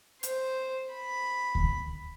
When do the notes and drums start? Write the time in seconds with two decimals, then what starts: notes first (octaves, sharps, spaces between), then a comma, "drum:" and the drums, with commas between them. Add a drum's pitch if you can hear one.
0.23 C5, drum: hi-hat
0.94 B5
1.55 drum: kick D2